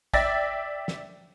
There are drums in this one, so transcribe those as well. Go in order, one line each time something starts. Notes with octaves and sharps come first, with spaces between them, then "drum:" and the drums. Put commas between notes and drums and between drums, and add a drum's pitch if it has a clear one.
D5 E5 G5 A6 A#6, drum: kick
drum: snare